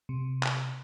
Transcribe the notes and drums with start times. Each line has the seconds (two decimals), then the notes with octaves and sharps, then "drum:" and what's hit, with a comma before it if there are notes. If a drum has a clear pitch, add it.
0.09 C3
0.43 drum: clap